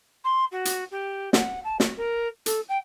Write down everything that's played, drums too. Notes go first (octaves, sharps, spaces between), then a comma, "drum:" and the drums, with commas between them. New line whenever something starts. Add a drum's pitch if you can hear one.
C6
F#4
drum: hi-hat
G4
F#5, drum: snare
A5
F#4, drum: snare
A#4
A4, drum: hi-hat
G5